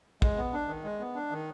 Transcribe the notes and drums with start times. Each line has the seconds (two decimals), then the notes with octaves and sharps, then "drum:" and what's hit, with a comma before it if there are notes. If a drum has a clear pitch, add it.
0.22 G#3, drum: kick
0.37 B3
0.53 D4
0.68 D#3
0.84 G#3
1.00 B3
1.15 D4
1.31 D#3